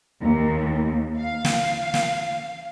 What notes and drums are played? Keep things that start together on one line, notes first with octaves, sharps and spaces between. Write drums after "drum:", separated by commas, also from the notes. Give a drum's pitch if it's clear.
D#2
F5
drum: snare
drum: snare